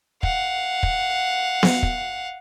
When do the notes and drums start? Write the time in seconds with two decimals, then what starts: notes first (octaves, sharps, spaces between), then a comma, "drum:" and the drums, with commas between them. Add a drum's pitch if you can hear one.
0.23 F5 F#5, drum: kick
0.83 drum: kick
1.63 drum: snare B3
1.83 drum: kick